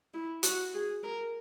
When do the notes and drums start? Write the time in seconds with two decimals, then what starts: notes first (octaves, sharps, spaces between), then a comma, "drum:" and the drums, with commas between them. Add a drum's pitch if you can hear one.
0.14 E4
0.43 F#4, drum: hi-hat
0.74 G#4
1.03 A#4